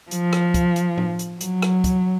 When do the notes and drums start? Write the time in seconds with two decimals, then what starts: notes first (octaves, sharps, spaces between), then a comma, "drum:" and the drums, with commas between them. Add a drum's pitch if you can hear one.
0.11 F3, drum: hi-hat
0.33 drum: rim click
0.54 drum: kick, hi-hat
0.76 drum: hi-hat
0.98 drum: tom
1.19 drum: hi-hat
1.41 F#3, drum: hi-hat
1.62 drum: rim click
1.84 drum: kick, hi-hat